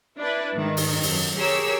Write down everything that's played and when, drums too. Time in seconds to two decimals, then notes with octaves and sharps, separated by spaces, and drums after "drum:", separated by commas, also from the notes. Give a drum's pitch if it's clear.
0.19 D4 E4 B4
0.56 G#2 D#3
0.77 drum: open hi-hat
1.03 F#2, drum: open hi-hat
1.37 G4 G#4 A#4 C#5 E6